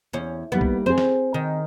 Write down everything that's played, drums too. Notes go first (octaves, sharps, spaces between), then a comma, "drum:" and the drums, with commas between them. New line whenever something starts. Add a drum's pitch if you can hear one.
E2 C#4
G3 A#3 B3 D#4
drum: kick
C4 G#4 C5
drum: snare
D#3